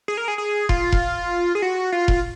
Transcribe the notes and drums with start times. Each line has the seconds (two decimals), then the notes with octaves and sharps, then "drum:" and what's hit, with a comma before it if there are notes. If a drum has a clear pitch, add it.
0.08 G#4
0.17 A#4
0.28 G#4
0.38 G#4
0.69 F4, drum: kick F1
0.92 drum: kick F1
1.55 G#4
1.62 F#4
1.92 F4
2.08 drum: kick F1